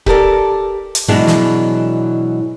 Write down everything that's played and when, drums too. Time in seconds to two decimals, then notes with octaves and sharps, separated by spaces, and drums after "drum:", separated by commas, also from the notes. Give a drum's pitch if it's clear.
0.06 G4 A4 A#4 D5, drum: kick
0.95 drum: hi-hat
1.08 B2 E3 F#3 G#3 D4 E4
1.27 drum: snare